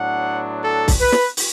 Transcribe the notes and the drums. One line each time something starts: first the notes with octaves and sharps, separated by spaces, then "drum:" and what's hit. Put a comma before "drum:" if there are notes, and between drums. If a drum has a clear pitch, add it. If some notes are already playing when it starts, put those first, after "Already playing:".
Already playing: A2 F#3 B3 D4 F#5
A4
drum: kick C2, open hi-hat
B4
drum: snare
drum: open hi-hat